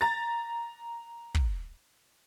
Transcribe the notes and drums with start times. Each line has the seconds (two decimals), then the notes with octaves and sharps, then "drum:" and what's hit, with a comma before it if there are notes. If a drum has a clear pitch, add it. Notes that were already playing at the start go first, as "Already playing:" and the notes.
0.01 A#5 A6
1.35 drum: kick